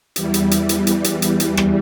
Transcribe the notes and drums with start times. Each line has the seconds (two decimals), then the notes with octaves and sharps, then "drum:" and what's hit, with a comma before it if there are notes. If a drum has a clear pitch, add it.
0.16 E2 E3 G3, drum: hi-hat
0.34 drum: hi-hat
0.51 drum: hi-hat
0.69 drum: hi-hat
0.87 drum: hi-hat
1.04 drum: hi-hat
1.22 drum: hi-hat
1.40 drum: hi-hat
1.57 drum: rim click